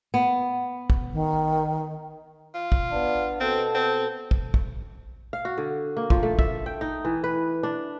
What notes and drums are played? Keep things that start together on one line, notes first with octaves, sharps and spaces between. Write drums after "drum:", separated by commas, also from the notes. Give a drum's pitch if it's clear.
B3
drum: kick
D#3
F4
drum: kick
B3 D4
B2 C4 A4
C4
drum: kick
drum: kick
F5
F#4
D3
A#3
F3, drum: kick
A3
E5, drum: kick
G5
D#4
E3
B4
D4